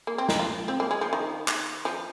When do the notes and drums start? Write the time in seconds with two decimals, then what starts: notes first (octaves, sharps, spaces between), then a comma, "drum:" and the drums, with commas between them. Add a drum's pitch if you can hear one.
0.07 A#3
0.18 C4
0.29 D#4, drum: snare
0.39 F4
0.68 C4
0.80 A#3
0.91 G#3
1.01 F3
1.13 D#3
1.48 drum: clap
1.85 F3